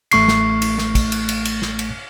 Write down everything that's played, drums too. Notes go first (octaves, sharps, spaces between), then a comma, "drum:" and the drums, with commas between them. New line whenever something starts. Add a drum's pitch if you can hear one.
A1 A3 C#6 C7, drum: cymbal
drum: snare
drum: cymbal
drum: snare
drum: kick, cymbal
drum: cymbal
drum: cymbal
drum: cymbal
drum: snare
drum: cymbal